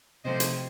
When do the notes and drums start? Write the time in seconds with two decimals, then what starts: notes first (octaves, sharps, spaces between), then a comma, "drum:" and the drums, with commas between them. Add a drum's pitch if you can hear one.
0.24 C3 F3 A3 C4 C5 D#5
0.40 drum: hi-hat